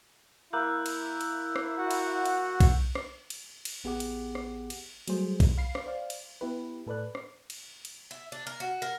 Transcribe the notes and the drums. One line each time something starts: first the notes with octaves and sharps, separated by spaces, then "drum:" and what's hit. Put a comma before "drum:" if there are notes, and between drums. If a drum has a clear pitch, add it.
A#3 E4 E6 F#6 G6
drum: cymbal
drum: cymbal
drum: rim click
F#4 F#5
drum: cymbal
drum: cymbal
drum: kick B1, cymbal
drum: rim click
drum: cymbal
drum: cymbal
A1 B3 G4 G#4 F#5 D6
drum: cymbal
drum: rim click
drum: cymbal
F#3 G3 A3 G#4 C5, drum: cymbal
drum: kick B1, cymbal
F5 B5 C7
drum: rim click
C5 D5 F5
drum: cymbal
B3 E4 G4 B4
A2 A4 B4 D5 F#6
drum: rim click
drum: cymbal
drum: cymbal
E5
D4
A#4
F#4
A#4